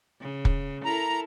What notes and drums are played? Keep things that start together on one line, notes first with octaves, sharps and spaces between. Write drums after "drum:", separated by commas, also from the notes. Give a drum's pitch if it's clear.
C#3
drum: kick
E4 A4 A#4 A#5